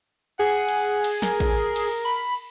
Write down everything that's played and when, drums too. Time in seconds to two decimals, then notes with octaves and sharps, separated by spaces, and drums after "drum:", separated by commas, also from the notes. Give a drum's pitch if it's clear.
0.39 G#4 F#5
0.68 drum: cymbal
1.04 drum: cymbal
1.22 A#4, drum: snare
1.40 drum: kick A1, cymbal
1.76 drum: cymbal
2.05 B5